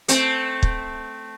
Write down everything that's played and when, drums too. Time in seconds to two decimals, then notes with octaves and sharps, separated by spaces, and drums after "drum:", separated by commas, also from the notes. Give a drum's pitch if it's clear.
0.08 A3 C4, drum: hi-hat
0.63 drum: kick